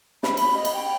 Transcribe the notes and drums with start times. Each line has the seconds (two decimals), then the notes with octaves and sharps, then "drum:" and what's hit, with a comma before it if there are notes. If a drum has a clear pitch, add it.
0.23 B5, drum: snare
0.37 B5, drum: cymbal
0.54 D#5
0.65 drum: cymbal
0.74 G5